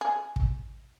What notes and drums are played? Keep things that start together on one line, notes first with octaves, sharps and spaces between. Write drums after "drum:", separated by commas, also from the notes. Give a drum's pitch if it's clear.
G#4
drum: kick